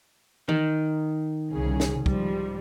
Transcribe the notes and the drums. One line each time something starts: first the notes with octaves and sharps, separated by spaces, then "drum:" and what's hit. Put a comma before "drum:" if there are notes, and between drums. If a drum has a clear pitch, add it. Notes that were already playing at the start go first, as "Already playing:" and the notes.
D#3, drum: tom E3
C2 C#3 G#4
drum: snare
G#2 F3 G3, drum: kick